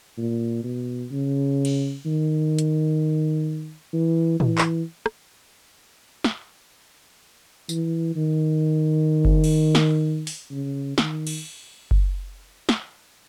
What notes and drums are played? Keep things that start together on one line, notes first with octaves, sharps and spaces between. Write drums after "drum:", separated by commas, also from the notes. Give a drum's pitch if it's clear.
A#2
B2
C#3
drum: cymbal
D#3
drum: hi-hat
E3
E3, drum: tom
drum: clap
drum: rim click
drum: snare
E3, drum: tambourine
D#3
drum: kick F#1
drum: cymbal
drum: snare
drum: open hi-hat
C#3
D#3, drum: snare
drum: cymbal
drum: kick F#1
drum: snare